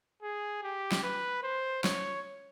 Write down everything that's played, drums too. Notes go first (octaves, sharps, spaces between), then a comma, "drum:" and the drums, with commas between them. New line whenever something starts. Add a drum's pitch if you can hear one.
G#4
G4
drum: snare
B4
C5
C#5, drum: snare